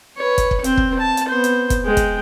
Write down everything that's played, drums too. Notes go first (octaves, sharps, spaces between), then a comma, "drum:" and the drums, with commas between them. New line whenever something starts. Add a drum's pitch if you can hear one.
B4 C#5
drum: kick, hi-hat
drum: kick
C4 C5, drum: hi-hat
drum: kick
A5
drum: hi-hat
B3 C5
drum: hi-hat
drum: kick, hi-hat
G#3 G5
drum: kick, hi-hat